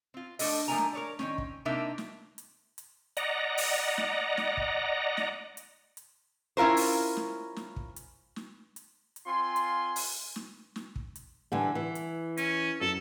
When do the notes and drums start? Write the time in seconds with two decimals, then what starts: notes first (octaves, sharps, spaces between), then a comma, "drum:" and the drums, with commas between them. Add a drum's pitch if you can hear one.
0.14 C4 F4
0.39 F3 A3 C#4 D4 A4 D#5, drum: open hi-hat
0.68 F3 A3 D4 A#4 G#5 A#5
0.78 drum: snare
0.93 A#4 C#5 D5
1.19 D#3 C4 C#4, drum: snare
1.38 drum: kick
1.65 C3 A#3 D4 D#4 A#4 E5
1.98 drum: snare
2.38 drum: hi-hat
2.78 drum: hi-hat
3.17 D5 D#5 F#5 A#5, drum: hi-hat
3.58 drum: open hi-hat
3.97 drum: snare
4.37 drum: snare
4.57 drum: kick
5.17 drum: snare
5.57 drum: hi-hat
5.97 drum: hi-hat
6.57 C#4 E4 F4 A#4 C5
6.77 drum: open hi-hat
7.17 drum: snare
7.56 drum: snare
7.76 drum: kick
7.96 drum: hi-hat
8.36 drum: snare
8.76 drum: hi-hat
9.16 drum: hi-hat
9.27 C4 F4 G#5 C6
9.56 drum: hi-hat
9.96 drum: open hi-hat
10.36 drum: snare
10.76 drum: snare
10.96 drum: kick
11.15 drum: hi-hat
11.52 D3 E3 G3 F#5 G#5
11.75 E3
11.95 drum: hi-hat
12.37 C#4, drum: hi-hat
12.81 F#2 A4